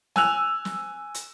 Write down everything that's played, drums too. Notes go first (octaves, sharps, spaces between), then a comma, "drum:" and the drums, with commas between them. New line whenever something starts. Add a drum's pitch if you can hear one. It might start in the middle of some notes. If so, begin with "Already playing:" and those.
G#5 E6 F#6 F7, drum: snare
drum: snare
drum: hi-hat